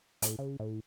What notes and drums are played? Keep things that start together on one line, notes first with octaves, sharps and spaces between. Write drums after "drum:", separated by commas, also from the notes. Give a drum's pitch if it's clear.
A2, drum: hi-hat
C#3
A2